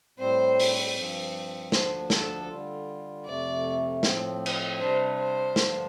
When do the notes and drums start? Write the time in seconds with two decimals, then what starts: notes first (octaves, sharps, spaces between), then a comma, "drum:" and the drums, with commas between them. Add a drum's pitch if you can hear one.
0.19 A2 G3 C4 C5
0.59 drum: open hi-hat
0.96 G2 F3 C4
1.72 D2 D3 F3 D4 C5, drum: snare
2.10 A4, drum: snare
2.49 D3 G3 F4
3.25 F2 C3 A3 D5
4.03 A2 F3 C4, drum: snare
4.46 drum: cymbal
4.79 C3 G3 D4 C5
5.18 C5
5.56 G2 D3 F3 D4 F4, drum: snare